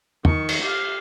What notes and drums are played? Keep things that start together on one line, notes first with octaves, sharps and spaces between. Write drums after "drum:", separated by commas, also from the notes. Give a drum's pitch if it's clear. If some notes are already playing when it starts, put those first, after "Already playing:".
D#3 C#6, drum: tom
drum: cymbal
G4 F5